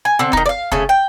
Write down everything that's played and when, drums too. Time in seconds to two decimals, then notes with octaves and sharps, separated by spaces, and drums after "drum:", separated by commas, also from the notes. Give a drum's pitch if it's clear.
0.05 G#5
0.19 D3 C4
0.33 D#3 D#4, drum: kick
0.46 D5 F5
0.72 C#3 A3 C#4, drum: kick
0.89 G5